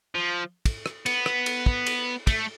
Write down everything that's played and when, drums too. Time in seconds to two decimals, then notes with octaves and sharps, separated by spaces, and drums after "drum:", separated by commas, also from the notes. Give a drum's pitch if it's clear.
0.15 F3
0.65 drum: kick, cymbal
0.86 drum: rim click
1.06 B3, drum: cymbal
1.26 drum: rim click
1.46 drum: cymbal
1.66 drum: kick
1.87 drum: cymbal
2.27 A3, drum: kick, cymbal